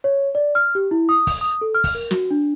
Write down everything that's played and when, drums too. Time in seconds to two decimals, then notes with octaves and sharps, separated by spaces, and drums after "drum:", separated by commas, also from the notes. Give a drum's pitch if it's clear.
0.04 C#5
0.35 D5
0.55 F6
0.75 G4
0.91 E4
1.09 D#6
1.27 drum: kick, open hi-hat
1.41 D#6
1.61 A4
1.75 F6
1.84 drum: kick, open hi-hat
1.95 A#4
2.11 F#4, drum: snare
2.31 D4